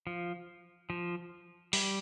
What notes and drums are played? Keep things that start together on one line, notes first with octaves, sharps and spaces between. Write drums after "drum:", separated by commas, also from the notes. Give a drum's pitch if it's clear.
F3
F3
G3, drum: open hi-hat